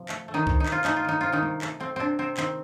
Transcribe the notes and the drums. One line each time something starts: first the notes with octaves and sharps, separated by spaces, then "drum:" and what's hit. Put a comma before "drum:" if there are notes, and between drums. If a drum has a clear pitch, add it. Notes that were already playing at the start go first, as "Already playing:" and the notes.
Already playing: C3 F3
A3, drum: clap
A3
D#3 D#4
C3, drum: kick C2
D#4
C3, drum: clap
F4
A3 D#4, drum: clap
F4
D#3 D#4
C3 F4
D#3 D#4
C3, drum: tom G3
A3, drum: clap
A3 C4
C3 C4 D4
C3 C4
D#3 C4, drum: clap